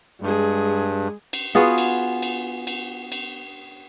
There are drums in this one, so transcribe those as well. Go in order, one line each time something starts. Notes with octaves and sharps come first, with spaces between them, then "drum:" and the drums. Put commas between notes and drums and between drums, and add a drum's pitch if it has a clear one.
G2 G#3 G#4
drum: cymbal
B3 F4 F#4 G#4
drum: cymbal
drum: cymbal
drum: cymbal
drum: cymbal